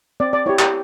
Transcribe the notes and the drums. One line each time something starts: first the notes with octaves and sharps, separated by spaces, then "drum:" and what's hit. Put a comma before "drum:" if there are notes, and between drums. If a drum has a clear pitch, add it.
C4 D5
D5
E4 G4 C#5
G4, drum: clap